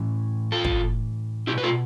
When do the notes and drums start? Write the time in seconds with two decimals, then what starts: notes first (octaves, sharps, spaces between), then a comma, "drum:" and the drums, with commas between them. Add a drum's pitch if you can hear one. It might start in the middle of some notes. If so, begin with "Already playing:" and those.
Already playing: A2 E3
0.52 F4 A4
0.64 drum: kick
1.47 B2 E4 G4
1.58 B4
1.64 F4 A4